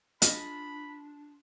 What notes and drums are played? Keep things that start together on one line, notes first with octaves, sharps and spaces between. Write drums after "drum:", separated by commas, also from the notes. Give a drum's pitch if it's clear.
D4 F4 G#4 D#5 B5, drum: hi-hat